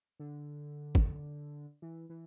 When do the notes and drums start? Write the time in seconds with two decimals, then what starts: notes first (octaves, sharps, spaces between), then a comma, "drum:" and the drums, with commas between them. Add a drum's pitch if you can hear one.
0.20 D3
0.95 drum: kick
1.82 E3
2.10 E3